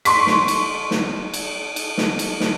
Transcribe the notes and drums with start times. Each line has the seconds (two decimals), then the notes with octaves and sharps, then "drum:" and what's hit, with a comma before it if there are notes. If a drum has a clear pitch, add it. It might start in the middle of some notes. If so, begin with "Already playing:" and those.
0.05 C6 C#6 B6, drum: cymbal
0.27 drum: snare
0.48 drum: cymbal
0.91 drum: snare
1.34 drum: cymbal
1.76 drum: cymbal
1.98 drum: snare
2.19 drum: cymbal
2.40 drum: snare